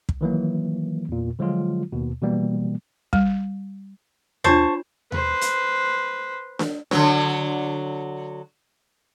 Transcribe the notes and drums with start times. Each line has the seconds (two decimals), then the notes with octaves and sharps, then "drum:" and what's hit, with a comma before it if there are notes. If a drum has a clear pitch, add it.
0.09 drum: kick
0.21 D#3 E3 F#3 A#3
1.09 E2 A#2
1.39 D3 F3 F#3 G#3 F4
1.92 D#2 B2
2.22 B2 E3 G3 A#3
3.13 G3, drum: kick
4.44 D4 F4 C5 C#5 A5 C#6, drum: tom D#2
5.12 B4 C5, drum: tom D#2
5.41 drum: hi-hat
6.59 drum: snare D4
6.91 D3 F#3, drum: snare D4